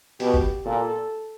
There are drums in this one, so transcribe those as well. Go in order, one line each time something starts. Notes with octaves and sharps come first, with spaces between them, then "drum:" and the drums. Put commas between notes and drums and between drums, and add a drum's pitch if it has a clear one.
B2 G4, drum: open hi-hat
drum: kick F#1
A#2 A4